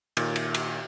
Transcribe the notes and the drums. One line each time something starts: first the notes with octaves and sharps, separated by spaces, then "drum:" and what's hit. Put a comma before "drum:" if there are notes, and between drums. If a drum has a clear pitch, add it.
A#2 D#3, drum: cymbal
drum: cymbal
drum: cymbal